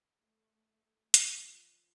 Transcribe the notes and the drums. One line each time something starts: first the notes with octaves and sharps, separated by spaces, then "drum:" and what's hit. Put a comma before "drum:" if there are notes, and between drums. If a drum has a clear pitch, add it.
A3
drum: hi-hat
F3